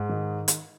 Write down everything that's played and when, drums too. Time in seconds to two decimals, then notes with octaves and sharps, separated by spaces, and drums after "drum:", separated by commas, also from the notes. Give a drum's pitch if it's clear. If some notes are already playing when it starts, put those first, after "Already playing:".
Already playing: G#2
0.09 D#3
0.48 drum: hi-hat